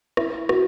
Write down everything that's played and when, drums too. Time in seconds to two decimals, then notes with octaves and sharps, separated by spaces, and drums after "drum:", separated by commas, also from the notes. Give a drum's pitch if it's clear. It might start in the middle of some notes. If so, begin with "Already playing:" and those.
0.17 E4, drum: rim click
0.49 F#4, drum: rim click